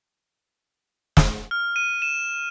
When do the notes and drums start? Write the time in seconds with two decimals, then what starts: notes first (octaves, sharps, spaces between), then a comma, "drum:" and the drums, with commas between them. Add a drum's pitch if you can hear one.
1.17 drum: snare
1.51 F6
1.76 D#7
2.02 E7